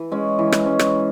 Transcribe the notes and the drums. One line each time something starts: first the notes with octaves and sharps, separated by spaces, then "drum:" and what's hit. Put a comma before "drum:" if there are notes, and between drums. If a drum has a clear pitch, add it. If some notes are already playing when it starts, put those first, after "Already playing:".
Already playing: E3
G#3 C#4
E3
drum: rim click
G#3 C#4
drum: rim click